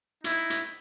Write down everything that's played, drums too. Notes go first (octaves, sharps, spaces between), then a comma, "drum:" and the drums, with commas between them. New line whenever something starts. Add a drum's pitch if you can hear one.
D#4 E4, drum: hi-hat
drum: hi-hat